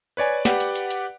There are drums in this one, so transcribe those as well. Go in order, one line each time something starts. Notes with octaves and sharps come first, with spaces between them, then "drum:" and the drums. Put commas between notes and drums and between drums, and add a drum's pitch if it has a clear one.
B4 C#5 D5 G#5
G4 B4 D5 F#5, drum: snare
drum: hi-hat
drum: hi-hat
drum: hi-hat